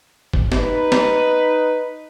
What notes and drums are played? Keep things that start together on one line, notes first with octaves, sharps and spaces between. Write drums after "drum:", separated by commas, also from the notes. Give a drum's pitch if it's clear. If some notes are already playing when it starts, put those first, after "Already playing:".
drum: kick G1
D#4 B4, drum: snare
drum: snare